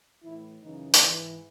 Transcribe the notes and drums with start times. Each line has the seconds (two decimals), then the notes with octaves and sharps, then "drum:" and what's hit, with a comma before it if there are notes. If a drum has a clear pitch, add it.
0.23 A2 E3 E4
0.63 F#2 C#3 E3 D#4
0.94 drum: hi-hat
1.03 G#2 E3